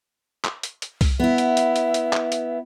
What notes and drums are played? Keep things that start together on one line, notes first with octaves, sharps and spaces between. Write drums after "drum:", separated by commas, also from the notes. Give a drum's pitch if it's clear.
drum: clap
drum: hi-hat
drum: hi-hat
drum: kick C2, open hi-hat
B3 E4 E5
drum: hi-hat
drum: hi-hat
drum: hi-hat
drum: hi-hat
drum: clap
drum: hi-hat